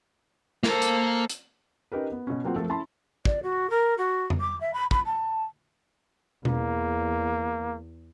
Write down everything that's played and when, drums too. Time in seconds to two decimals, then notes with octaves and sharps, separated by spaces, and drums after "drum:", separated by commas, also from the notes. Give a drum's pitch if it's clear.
0.63 A#3 A4 A#4 C5, drum: snare
0.82 drum: hi-hat
1.30 drum: hi-hat
1.92 C#4 D#4 G4 A#4 B4
2.12 B3
2.27 B2 C#4
2.44 F#3 A#3 C4 F4 F#5
2.56 F3 A3 F4 A4 A#4
2.69 C#4 E4 A5 B5 C6
3.25 D5, drum: kick
3.43 F#4
3.70 A#4
3.98 F#4
4.30 drum: tom F2
4.40 D6
4.61 E5
4.74 B5
4.91 B5, drum: kick
5.06 A5
6.45 E2 A#3, drum: tom B2